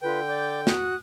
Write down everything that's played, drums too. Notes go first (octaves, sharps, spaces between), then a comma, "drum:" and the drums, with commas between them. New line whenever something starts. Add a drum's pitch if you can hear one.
D3 F4 B4 G5
D5 D6 G6
F#4 D#6 F#6, drum: snare